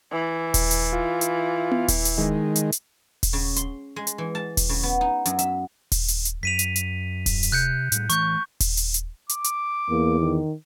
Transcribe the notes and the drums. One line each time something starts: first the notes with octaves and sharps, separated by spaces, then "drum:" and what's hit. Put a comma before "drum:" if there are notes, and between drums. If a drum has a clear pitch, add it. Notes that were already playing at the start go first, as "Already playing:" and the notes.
E3
drum: kick D#1, open hi-hat
drum: hi-hat
F4
drum: hi-hat
drum: tom B3
drum: kick D#1, open hi-hat
drum: hi-hat
D#3 G#3
drum: hi-hat
drum: hi-hat
drum: kick D#1, open hi-hat
C#3
C6, drum: hi-hat
G#3
drum: hi-hat
E3
A5
drum: kick D#1, open hi-hat
C#3
B3
D#4
F#2, drum: hi-hat
E5, drum: hi-hat
drum: kick D#1, open hi-hat
drum: hi-hat
drum: hi-hat
F#2 B6 D#7 F7
drum: hi-hat
drum: hi-hat
drum: kick D#1, open hi-hat
drum: hi-hat
C3 F#6 G6 C#7
A2 G3, drum: hi-hat
E3 A3 C#6 G6, drum: hi-hat
drum: kick D#1, open hi-hat
drum: hi-hat
drum: hi-hat
D6, drum: hi-hat
drum: hi-hat
E2 A#3
D#3